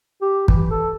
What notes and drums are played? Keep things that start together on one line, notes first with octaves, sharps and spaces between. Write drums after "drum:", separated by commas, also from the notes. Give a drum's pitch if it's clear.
G4
E3, drum: kick
A4